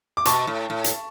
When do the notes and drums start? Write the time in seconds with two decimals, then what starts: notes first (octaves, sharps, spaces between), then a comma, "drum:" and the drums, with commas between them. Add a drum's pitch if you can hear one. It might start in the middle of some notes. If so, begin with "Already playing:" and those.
0.17 D6
0.25 B2 A5 C#6, drum: hi-hat
0.47 A2
0.70 A2
0.84 drum: hi-hat